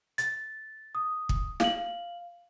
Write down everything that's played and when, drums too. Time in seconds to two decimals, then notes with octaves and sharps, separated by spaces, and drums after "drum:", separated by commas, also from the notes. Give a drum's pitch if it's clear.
0.18 A6, drum: hi-hat
0.95 D#6
1.29 drum: kick
1.60 F5 F#7, drum: snare